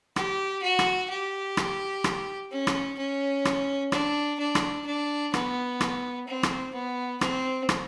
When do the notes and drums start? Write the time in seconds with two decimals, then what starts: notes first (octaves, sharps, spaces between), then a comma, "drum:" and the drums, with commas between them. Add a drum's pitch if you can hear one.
0.16 G4, drum: rim click
0.63 F#4
0.79 drum: rim click
1.10 G4
1.57 drum: rim click
2.04 drum: rim click
2.51 C#4
2.67 drum: rim click
2.98 C#4
3.45 drum: rim click
3.92 D4, drum: rim click
4.39 D4
4.55 drum: rim click
4.86 D4
5.34 B3, drum: rim click
5.81 drum: rim click
6.27 C4
6.43 drum: rim click
6.74 B3
7.21 C4, drum: rim click
7.69 drum: rim click